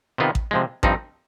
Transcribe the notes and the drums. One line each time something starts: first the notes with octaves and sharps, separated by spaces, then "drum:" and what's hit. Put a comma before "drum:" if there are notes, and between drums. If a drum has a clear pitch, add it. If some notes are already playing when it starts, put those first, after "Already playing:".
C3 D#3 B3 F4
drum: kick A1
C3 F3 G#3
G2 F3 C4 D#4, drum: kick A1